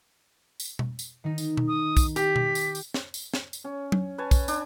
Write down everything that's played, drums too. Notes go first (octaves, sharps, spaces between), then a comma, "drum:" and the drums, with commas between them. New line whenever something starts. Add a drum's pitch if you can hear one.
drum: tambourine
drum: tom B2
drum: tambourine
D#3 D#4
drum: tambourine
drum: tom B2
D#6
drum: kick, tambourine
G4 B6, drum: tambourine
drum: tom B2
drum: tambourine
drum: tambourine
drum: snare
drum: tambourine
drum: snare
drum: tambourine
C#4
drum: tom F#3
B4 C#5 G#5 A5
drum: kick, tambourine
D4, drum: tambourine